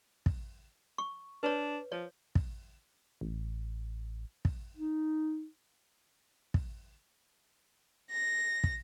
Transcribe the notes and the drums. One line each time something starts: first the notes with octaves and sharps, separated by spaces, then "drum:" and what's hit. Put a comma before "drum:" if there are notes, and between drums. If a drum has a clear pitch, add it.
drum: kick
C#6
D4 B4 C#5
F3 C#5
drum: kick
A1
drum: kick
D#4
drum: kick
A#6
drum: kick